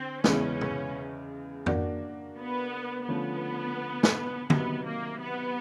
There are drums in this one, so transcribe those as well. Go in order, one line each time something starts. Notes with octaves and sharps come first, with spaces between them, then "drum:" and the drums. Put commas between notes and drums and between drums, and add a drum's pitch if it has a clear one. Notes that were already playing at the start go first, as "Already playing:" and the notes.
Already playing: D3 C4
E2 C#3 E3 G#3 B3 C#4, drum: snare
drum: tom
A#3 D4 F#4, drum: tom F2
B3
D3 F3 A3 B3 C#4 F4
drum: snare
C3 D#3 F#3 B3, drum: tom D3
A#3
B3